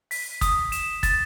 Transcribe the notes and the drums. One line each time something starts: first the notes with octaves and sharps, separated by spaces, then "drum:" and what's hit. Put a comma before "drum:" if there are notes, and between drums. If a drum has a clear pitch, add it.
B6, drum: open hi-hat
D#6, drum: kick, hi-hat
E7, drum: hi-hat
A6, drum: kick, hi-hat